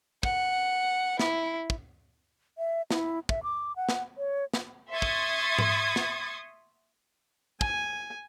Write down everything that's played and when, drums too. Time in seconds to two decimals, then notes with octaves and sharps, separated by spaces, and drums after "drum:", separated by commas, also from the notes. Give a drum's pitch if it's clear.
0.23 F#5, drum: kick
1.19 E4, drum: snare
1.70 drum: kick
2.58 E5
2.91 E4, drum: snare
3.29 E5, drum: kick
3.43 D6
3.76 F#5
3.89 drum: snare
4.18 C#5
4.54 drum: snare
4.91 E5 C6 C#6 D#6 G#6 A6
5.02 drum: kick
5.58 drum: tom G#2
5.96 drum: snare
7.61 G#5, drum: kick